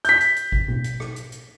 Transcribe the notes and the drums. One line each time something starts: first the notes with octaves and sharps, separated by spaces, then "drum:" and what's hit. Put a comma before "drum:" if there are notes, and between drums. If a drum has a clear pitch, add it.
G6 B6, drum: hi-hat
drum: hi-hat
drum: hi-hat
drum: kick G#1
drum: tom B2
drum: hi-hat
drum: rim click
drum: hi-hat
drum: hi-hat